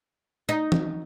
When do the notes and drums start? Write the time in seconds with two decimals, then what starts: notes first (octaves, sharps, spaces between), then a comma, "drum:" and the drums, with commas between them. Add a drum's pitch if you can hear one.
0.49 D#4
0.72 drum: tom E3